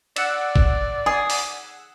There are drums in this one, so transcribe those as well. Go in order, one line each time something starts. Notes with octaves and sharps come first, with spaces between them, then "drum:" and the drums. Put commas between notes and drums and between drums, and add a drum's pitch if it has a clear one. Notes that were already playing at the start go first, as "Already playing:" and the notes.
D5 F#5 E6, drum: cymbal
drum: kick
G#4 D#6
drum: open hi-hat